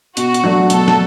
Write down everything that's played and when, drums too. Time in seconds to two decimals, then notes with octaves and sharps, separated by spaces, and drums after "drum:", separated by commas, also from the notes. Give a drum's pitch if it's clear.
0.17 B2 F#4, drum: hi-hat
0.34 drum: hi-hat
0.44 F#3 A3 D4
0.70 B2 A4, drum: hi-hat
0.88 drum: snare